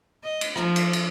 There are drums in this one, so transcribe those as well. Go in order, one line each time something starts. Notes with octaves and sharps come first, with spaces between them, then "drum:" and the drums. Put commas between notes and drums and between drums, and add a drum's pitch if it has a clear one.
D#5
drum: cymbal
F3, drum: rim click
drum: cymbal
drum: cymbal